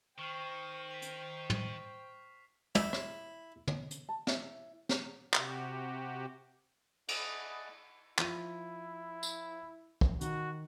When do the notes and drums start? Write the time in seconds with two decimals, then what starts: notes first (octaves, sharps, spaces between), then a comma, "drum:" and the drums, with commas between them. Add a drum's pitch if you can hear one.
0.19 D#3 C5 G5 C#6 F6 C7
0.91 B6 F7
1.02 drum: hi-hat
1.50 drum: tom
2.75 E4, drum: tom
2.93 drum: rim click
3.68 drum: tom
3.91 drum: hi-hat
4.09 A5
4.27 E4 E5, drum: snare
4.89 drum: snare
5.33 C3 F#4 G4, drum: clap
7.08 E4 G#4 D5 D#5 F#5 A5, drum: cymbal
8.18 F3 E4 D#7, drum: clap
9.23 drum: tambourine
10.01 drum: kick
10.21 D#3 F#4, drum: hi-hat